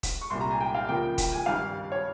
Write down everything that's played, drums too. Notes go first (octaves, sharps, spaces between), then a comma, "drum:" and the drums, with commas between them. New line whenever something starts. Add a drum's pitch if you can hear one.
drum: kick D#1, hi-hat
C#6
C2 A#2 G3 C6
A#5
G#5
G5
F5
C#2 C#3 F3 A#3 G5
G5, drum: kick D#1, hi-hat
G#5
G#1 G2 G3 F5
C#5